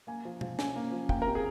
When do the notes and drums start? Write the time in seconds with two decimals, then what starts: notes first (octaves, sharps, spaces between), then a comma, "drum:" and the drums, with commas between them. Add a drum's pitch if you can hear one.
0.07 A#3 G#5
0.25 F3
0.41 F3, drum: tom
0.59 C#4 G#5, drum: snare
0.76 A#3
0.92 F3
1.09 A#3 G5, drum: kick
1.22 A#4
1.27 C3
1.35 G#4